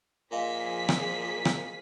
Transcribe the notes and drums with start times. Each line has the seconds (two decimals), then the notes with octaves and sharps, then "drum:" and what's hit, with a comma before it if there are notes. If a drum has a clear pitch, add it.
0.32 A#2 F3 G#4 D#5 F5 G#5 B6
0.89 drum: rim click
1.45 drum: rim click